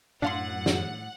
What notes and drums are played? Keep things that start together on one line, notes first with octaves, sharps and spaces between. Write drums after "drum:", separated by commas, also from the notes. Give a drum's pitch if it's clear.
F#2 A2 D4 F5 F#5 C6
drum: snare